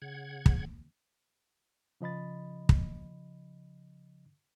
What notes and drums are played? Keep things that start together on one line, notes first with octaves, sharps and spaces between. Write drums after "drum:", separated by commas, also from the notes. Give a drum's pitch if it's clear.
C#3 F#5 G#6
drum: kick
C#3 F3 D#5 B5 A6
drum: kick